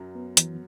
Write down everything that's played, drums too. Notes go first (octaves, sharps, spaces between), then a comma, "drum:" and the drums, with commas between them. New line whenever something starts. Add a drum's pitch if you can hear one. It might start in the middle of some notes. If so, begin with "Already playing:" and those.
Already playing: F#2 F#3
B3
E3, drum: hi-hat